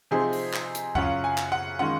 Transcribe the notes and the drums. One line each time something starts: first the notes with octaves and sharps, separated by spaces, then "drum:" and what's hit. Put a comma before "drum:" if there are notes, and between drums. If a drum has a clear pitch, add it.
C3 F3 C4 D#4 G#4
drum: open hi-hat
drum: clap
drum: hi-hat
F#2 C#3 F#3 C#4 F4 F#5, drum: kick D2
G#5
drum: clap
F#5
D#3 G#3 C#4 F4 F#5